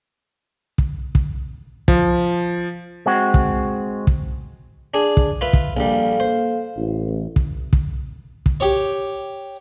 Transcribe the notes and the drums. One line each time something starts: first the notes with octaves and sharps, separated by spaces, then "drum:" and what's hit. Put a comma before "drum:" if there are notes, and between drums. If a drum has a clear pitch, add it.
drum: kick
drum: kick
F3, drum: kick
G#3 C4 F#4
drum: kick
drum: kick
D4 G#4
drum: kick
F4 B4 E5
drum: kick
A#1 G3 A#3 A4 F5
C5
A1
drum: kick
drum: kick
drum: kick
G4 C#5